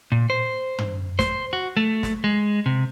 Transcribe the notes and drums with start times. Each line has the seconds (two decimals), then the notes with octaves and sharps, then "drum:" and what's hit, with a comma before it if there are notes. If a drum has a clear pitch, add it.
0.12 A#2
0.30 C5
0.78 drum: tom
1.19 C5, drum: snare
1.53 F#4
1.77 A3
2.03 drum: snare
2.24 G#3
2.66 C3